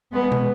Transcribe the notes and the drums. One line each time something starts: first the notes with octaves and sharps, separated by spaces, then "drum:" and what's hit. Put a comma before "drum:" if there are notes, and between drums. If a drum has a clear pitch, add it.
G#3 B3
drum: tom